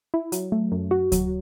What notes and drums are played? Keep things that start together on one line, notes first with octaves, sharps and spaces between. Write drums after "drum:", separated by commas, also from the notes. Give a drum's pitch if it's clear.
E4
F#3, drum: hi-hat
A3
F#2
F#4
F#3, drum: kick D2, hi-hat